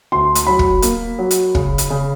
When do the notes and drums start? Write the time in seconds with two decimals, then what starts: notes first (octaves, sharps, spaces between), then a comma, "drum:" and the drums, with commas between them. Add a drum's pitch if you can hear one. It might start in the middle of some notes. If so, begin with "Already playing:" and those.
0.12 D2 C6
0.35 drum: hi-hat
0.47 F#3 B5
0.59 drum: kick
0.82 A#3, drum: hi-hat
1.19 F#3
1.31 drum: hi-hat
1.55 C#3, drum: kick
1.78 drum: hi-hat
1.90 C#3